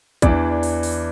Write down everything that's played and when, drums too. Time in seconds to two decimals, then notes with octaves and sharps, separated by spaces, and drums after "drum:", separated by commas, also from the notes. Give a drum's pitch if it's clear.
0.22 E2 E3 D4 D5, drum: kick, hi-hat
0.63 drum: open hi-hat
0.83 drum: open hi-hat